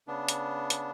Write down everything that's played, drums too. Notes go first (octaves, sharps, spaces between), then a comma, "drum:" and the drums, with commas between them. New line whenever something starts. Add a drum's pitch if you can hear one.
C#3 B3 D4
drum: hi-hat
drum: hi-hat